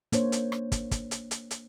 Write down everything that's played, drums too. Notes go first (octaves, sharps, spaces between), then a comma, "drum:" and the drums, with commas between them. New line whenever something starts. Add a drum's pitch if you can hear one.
A#3 D4 C5 C#5, drum: hi-hat
drum: hi-hat
drum: rim click
drum: kick, hi-hat
drum: kick, hi-hat
drum: hi-hat
drum: hi-hat
drum: hi-hat